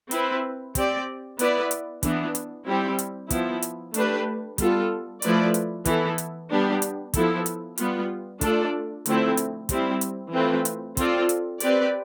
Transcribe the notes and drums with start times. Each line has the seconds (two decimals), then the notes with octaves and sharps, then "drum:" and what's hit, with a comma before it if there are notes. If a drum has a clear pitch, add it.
0.11 C4 E4 B4, drum: hi-hat
0.75 C4 G4 D5, drum: kick, hi-hat
1.39 B3 E4 B4 D5, drum: hi-hat
1.71 drum: hi-hat
2.03 E3 B3 D4, drum: kick, hi-hat
2.35 drum: hi-hat
2.66 G3 C4 E4 G4
2.99 drum: hi-hat
3.30 F3 B3 E4, drum: kick, hi-hat
3.62 drum: hi-hat
3.94 A3 D4 G4 B4, drum: hi-hat
4.58 G3 B3 F4 A4, drum: kick, hi-hat
5.22 F3 A3 E4 B4 D5, drum: hi-hat
5.54 drum: hi-hat
5.85 E3 B3 E4 A4, drum: kick, hi-hat
6.18 drum: hi-hat
6.50 G3 B3 D4 G4
6.82 drum: hi-hat
7.14 F3 B3 E4 A4, drum: kick, hi-hat
7.46 drum: hi-hat
7.78 G3 B3 F4, drum: hi-hat
8.41 A3 D4 F4 A4 D5, drum: kick, hi-hat
9.06 D3 F3 A3 C4 E4, drum: hi-hat
9.37 drum: hi-hat
9.69 G3 C4 E4, drum: kick, hi-hat
10.01 drum: hi-hat
10.33 E3 A3 C4 F4 B4
10.65 drum: hi-hat
10.97 C4 F4 A4 D5, drum: kick, hi-hat
11.29 drum: hi-hat
11.60 C4 G4 B4 D5, drum: hi-hat